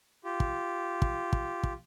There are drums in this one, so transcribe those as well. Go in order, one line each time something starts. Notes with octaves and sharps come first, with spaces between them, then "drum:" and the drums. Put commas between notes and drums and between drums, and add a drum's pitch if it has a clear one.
F4 G4
drum: kick
drum: kick
drum: kick
drum: kick